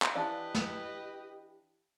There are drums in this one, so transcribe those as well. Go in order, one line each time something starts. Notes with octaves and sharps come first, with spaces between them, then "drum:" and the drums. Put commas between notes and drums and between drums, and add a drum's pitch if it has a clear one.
drum: clap
E3 D4 G4 B4 D5 D#5 F5 A5
drum: snare